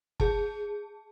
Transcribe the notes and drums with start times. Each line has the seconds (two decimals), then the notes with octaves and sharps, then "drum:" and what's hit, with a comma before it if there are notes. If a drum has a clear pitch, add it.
0.20 G#4 A5, drum: kick